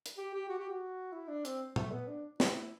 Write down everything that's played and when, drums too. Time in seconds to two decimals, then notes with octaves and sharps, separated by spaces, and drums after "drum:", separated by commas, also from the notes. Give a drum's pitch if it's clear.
0.06 drum: hi-hat
0.18 G4
0.34 G4
0.49 F#4
0.58 G4
0.69 F#4
1.12 E4
1.28 D4
1.45 C4, drum: hi-hat
1.76 A3, drum: tom A#2
1.92 B3
2.08 D4
2.40 E4, drum: snare